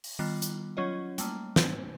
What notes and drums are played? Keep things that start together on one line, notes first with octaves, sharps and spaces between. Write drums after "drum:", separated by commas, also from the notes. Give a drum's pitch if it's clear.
drum: open hi-hat
D#3 G3 B3 F4
drum: hi-hat
F#3 C#4 F4 C#5 D#5
G3 A3 A#3, drum: hi-hat
drum: snare